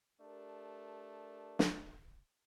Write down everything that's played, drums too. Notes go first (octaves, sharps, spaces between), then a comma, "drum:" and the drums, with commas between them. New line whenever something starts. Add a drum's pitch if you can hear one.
A3 D4 G4 A#4
drum: snare